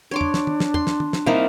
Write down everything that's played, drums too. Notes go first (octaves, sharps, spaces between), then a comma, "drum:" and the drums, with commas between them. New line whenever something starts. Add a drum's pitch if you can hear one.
D4 C#5 C6 D6
drum: tom
drum: snare
drum: tom
drum: snare
C6, drum: tom
drum: snare
drum: tom
drum: snare
A#3 C4 D#4 E4 F5, drum: tom